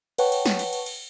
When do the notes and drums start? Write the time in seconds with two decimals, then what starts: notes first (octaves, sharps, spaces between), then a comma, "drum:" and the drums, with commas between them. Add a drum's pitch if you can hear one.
0.18 B4 C#5 F#5 G5 A5 C#6, drum: cymbal
0.32 drum: cymbal
0.46 drum: snare
0.59 drum: cymbal
0.73 drum: cymbal
0.86 drum: cymbal